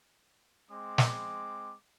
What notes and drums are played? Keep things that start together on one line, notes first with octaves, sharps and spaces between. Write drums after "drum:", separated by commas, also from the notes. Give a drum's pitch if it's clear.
G#3 C4 D6
drum: snare